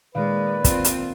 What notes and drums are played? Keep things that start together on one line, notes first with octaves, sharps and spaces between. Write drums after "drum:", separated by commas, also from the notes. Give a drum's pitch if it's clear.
A#2 D#3 G#3 B4 D5 F5
C4 F4, drum: kick, hi-hat
drum: hi-hat